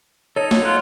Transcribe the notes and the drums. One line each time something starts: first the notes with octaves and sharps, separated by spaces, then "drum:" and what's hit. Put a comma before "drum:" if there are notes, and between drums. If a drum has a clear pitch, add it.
D#4 A4 C#5
drum: snare
F4 F#5